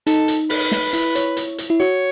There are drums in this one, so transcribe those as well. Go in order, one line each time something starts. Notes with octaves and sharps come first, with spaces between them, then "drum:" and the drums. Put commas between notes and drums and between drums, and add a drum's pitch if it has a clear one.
D#4 A4, drum: hi-hat
drum: hi-hat
B4, drum: open hi-hat
drum: snare
E4, drum: hi-hat
C#5, drum: hi-hat
drum: hi-hat
drum: hi-hat
E4
F#4 C#5